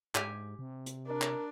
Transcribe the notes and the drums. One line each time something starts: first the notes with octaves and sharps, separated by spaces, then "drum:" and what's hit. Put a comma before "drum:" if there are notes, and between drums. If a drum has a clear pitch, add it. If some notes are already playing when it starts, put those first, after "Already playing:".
G#2 G4 G#5, drum: clap
C3
drum: hi-hat
D4 A#4
drum: clap